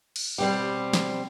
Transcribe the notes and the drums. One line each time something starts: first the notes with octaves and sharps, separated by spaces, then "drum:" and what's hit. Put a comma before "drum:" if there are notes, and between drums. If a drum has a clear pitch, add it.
drum: cymbal
B2 G3 C4 G4
drum: snare